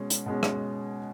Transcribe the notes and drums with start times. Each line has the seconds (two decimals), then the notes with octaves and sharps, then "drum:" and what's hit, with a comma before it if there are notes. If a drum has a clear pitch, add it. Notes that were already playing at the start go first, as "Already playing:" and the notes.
Already playing: B2 G#3 C#4
0.10 drum: hi-hat
0.26 B2 G#3 C#4
0.43 drum: rim click